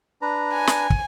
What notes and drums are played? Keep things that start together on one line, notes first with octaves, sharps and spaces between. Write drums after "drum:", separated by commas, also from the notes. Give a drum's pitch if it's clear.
D4 B4 A#5
G#5
drum: snare
drum: kick